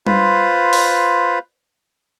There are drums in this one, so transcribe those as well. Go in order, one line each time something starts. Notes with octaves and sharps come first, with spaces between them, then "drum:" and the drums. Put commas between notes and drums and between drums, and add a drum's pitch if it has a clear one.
F4 B4 C5, drum: tom G3
drum: open hi-hat